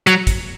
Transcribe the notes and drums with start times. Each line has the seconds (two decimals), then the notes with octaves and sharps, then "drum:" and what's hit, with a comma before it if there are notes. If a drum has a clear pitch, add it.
0.07 F#3, drum: hi-hat
0.27 drum: kick, hi-hat